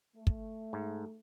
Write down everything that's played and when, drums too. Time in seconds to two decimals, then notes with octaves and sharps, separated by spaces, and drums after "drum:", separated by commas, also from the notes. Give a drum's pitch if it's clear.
0.16 A3
0.27 drum: kick
0.73 G#2